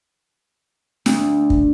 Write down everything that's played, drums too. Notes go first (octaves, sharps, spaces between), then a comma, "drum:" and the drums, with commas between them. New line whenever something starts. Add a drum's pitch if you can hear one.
D2, drum: snare
drum: kick